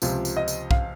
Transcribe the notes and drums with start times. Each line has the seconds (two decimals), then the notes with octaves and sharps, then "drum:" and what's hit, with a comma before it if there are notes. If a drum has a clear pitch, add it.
0.02 C#2 C3 F3, drum: tambourine
0.25 drum: tambourine
0.37 D#5
0.48 drum: tambourine
0.71 F5, drum: kick B1